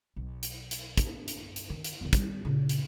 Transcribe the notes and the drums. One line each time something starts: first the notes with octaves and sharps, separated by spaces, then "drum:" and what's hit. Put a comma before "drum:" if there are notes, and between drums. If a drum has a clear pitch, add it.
B1
drum: hi-hat
drum: hi-hat
D4, drum: kick, hi-hat
drum: hi-hat
drum: hi-hat
D#3
drum: hi-hat
E2 D#3
D#3 G3, drum: kick, hi-hat
A#2 C#3
drum: hi-hat